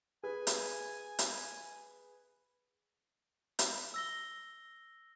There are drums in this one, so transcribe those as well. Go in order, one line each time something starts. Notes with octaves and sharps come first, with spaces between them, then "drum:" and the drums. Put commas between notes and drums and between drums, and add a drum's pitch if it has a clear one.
G#4 B4 G#5
drum: hi-hat
drum: hi-hat
drum: hi-hat
E6 A#6 G7